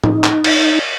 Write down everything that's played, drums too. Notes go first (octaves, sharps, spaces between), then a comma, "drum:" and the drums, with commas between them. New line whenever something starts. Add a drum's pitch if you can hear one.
D#4, drum: tom A2
drum: clap
drum: cymbal